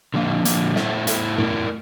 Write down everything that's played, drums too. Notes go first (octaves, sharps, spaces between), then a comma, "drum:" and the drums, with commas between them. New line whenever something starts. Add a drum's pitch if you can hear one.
D3 F3 A#3
D3 F3 A#3, drum: hi-hat
A3 E4 A4 C5 E5, drum: snare
A3 E4 A4 C5 E5, drum: hi-hat
A3 E4 A#4, drum: tom F#2